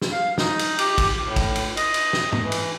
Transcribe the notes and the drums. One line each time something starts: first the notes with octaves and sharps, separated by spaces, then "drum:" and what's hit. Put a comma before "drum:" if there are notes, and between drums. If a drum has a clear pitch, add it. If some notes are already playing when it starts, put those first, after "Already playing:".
drum: snare
F5
D#4, drum: snare
drum: cymbal
G4, drum: cymbal
drum: kick, cymbal
A2
drum: kick, cymbal
drum: cymbal
D#5, drum: cymbal
drum: cymbal
drum: snare
drum: tom G#2
E3
drum: cymbal